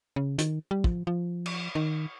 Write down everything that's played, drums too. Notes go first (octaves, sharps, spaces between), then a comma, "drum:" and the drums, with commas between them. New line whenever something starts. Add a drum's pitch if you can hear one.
C#3
D#3, drum: hi-hat
G3
F3, drum: kick
F3
drum: cymbal
D#3